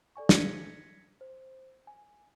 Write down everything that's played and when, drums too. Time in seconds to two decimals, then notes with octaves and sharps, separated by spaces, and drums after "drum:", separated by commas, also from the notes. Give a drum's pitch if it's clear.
0.16 A4 D5 G#5 C#6
0.29 G#6 A#6 B6 C#7, drum: snare
1.21 C5
1.87 G#5